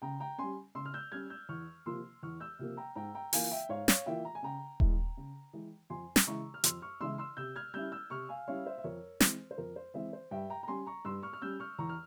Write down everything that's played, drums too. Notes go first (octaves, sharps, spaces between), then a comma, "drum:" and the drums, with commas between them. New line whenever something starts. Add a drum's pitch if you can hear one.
C#3 G5 A#5
G5 A#5
G3 C#4 G#5 C6
C#3 C6 E6
F6
E6 G6
G3 C#4 F6 G#6
E6 G6
E2 C#6 F6
C3 F3 A#3 C6 E6
E2 C#6 F6
E6 G6
C3 F3 A#3
G5 A#5
G#2 G5 A#5
G5 A#5
E3 A#3 F4 F5 G#5, drum: open hi-hat
E5 G5
G#2 C#5 F5
C#5 F5, drum: snare
E3 A#3 F4 E5 G5
A#5
G#5
C#3 G5 A#5
E3 G#3, drum: kick D#1
C#3
E3 G#3
F2 G#5 C6
E6, drum: snare
C#3 E3 G#3 E4 A#5 C#6
F6
F2 C6 E6, drum: hi-hat
C#6 F6
C#3 E3 G#3 E4 C6 E6
C6 E6
C3 E6 G6
F6 G#6
G3 C#4 E4 E6 G6
E6 G6
C3 C#6 F6
F5 G#5
G3 C#4 E4 C#5 F5
C5 E5
E5
F2 A#4 C#5
E3 G#3 C4 C5, drum: snare
C5
F2 A#4
C5
E3 G#3 C4 C5 E5
C5
G2 E5 G5
G5 A#5
A#5
G3 C#4 G#5 C6
A#5 C#6
G2 C6 E6
C#6 F6
F6
G3 C#4 E6 G6
C#6 F6
E2 A#5 C#6
F6